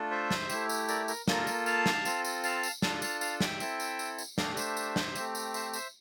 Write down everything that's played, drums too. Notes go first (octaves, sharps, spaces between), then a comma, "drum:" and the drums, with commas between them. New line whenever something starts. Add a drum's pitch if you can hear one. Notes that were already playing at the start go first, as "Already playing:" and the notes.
Already playing: A3 D4 F4 A4
C5 E5
drum: snare
A3 E4 G4, drum: tambourine
drum: tambourine
A#4 D5, drum: tambourine
A#4, drum: tambourine
A#3 F4 A4 A#4, drum: snare
drum: tambourine
F5 A5, drum: tambourine
drum: snare
C4 F4 A4, drum: tambourine
drum: tambourine
F5 A5, drum: tambourine
drum: tambourine
D4 F4 A4 F5 A5, drum: snare
F5 A5, drum: tambourine
F5 A5, drum: tambourine
E5 G5, drum: snare
C4 E4 A4, drum: tambourine
drum: tambourine
drum: tambourine
drum: tambourine
A3 D4 G4 D5 F5, drum: snare
C5 E5, drum: tambourine
drum: tambourine
drum: snare
A3 C4 G4, drum: tambourine
drum: tambourine
C5 E5, drum: tambourine
C5 E5, drum: tambourine